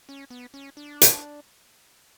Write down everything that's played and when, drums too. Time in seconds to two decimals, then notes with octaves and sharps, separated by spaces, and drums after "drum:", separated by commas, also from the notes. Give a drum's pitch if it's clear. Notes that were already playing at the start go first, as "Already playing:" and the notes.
0.09 C#4
0.30 B3
0.54 C#4
0.77 D4
1.01 drum: hi-hat